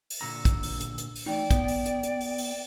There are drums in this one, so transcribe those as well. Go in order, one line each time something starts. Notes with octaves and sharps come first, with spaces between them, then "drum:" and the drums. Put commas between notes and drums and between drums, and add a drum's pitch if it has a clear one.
drum: open hi-hat
A#2 D3 A#5 E6
drum: kick, hi-hat
drum: open hi-hat
drum: hi-hat
drum: hi-hat
drum: open hi-hat
E3 A3 D#4 D5 G5
B3, drum: kick, hi-hat
drum: open hi-hat
drum: hi-hat
drum: hi-hat
drum: open hi-hat
drum: open hi-hat